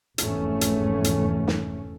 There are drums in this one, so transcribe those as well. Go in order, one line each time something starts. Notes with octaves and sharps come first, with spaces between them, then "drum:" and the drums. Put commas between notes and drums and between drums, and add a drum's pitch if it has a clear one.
F1 E2 G#2 A3 C#4, drum: hi-hat
drum: hi-hat
drum: hi-hat
drum: snare